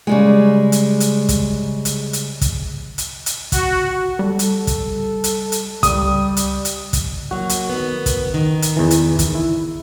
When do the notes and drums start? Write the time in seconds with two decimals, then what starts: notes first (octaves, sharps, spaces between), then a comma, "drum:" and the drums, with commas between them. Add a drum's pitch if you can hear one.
0.07 C#3 G3 G#3
0.72 drum: hi-hat
1.00 drum: hi-hat
1.29 drum: kick, hi-hat
1.85 drum: hi-hat
2.13 drum: hi-hat
2.41 drum: kick, hi-hat
2.98 drum: hi-hat
3.26 drum: hi-hat
3.52 F#4, drum: kick, hi-hat
4.19 G3 A4
4.39 drum: hi-hat
4.67 drum: kick, hi-hat
5.24 drum: hi-hat
5.52 drum: hi-hat
5.83 C#2 G3 D#6, drum: kick, hi-hat
6.37 drum: hi-hat
6.65 drum: hi-hat
6.93 drum: kick, hi-hat
7.31 F#3 A#3 F#4
7.49 drum: hi-hat
7.69 D#3 B3
8.06 drum: kick, hi-hat
8.34 D#3
8.62 drum: hi-hat
8.76 E2 E3
8.91 drum: hi-hat
9.19 drum: kick, hi-hat
9.35 E4